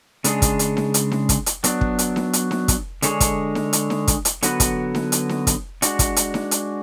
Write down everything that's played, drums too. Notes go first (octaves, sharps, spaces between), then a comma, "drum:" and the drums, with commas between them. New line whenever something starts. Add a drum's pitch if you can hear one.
C#3 G#3 D4 G#4, drum: hi-hat
drum: kick, hi-hat
drum: hi-hat
drum: snare D#4
drum: hi-hat
drum: snare D#4
drum: kick, hi-hat
drum: hi-hat
F#3 B3 D4, drum: hi-hat
drum: kick
drum: hi-hat
drum: snare D#4
drum: hi-hat
drum: snare D#4
drum: kick, hi-hat
D3 G#3 D4 G#4 C#5, drum: hi-hat
drum: kick, hi-hat
drum: snare D#4
drum: hi-hat
drum: snare D#4
drum: kick, hi-hat
drum: hi-hat
D3 F#3 B3 F#4 B4, drum: hi-hat
drum: kick, hi-hat
drum: snare D#4
drum: hi-hat
drum: snare D#4
drum: kick, hi-hat
G#3 D4 F#4, drum: hi-hat
drum: kick, hi-hat
drum: hi-hat
drum: snare D#4
drum: hi-hat